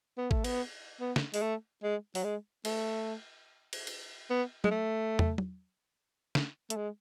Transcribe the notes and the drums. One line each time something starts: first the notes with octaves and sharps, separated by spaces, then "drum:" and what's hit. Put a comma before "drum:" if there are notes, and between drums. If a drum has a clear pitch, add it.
B3
A3, drum: kick
B3, drum: cymbal
B3
drum: snare
G#3, drum: open hi-hat
A3
G#3
F#3, drum: open hi-hat
G#3
A3, drum: cymbal
drum: cymbal
drum: cymbal
B3
G#3, drum: tom
A3
drum: tom
drum: tom
drum: snare
A3, drum: hi-hat
G#3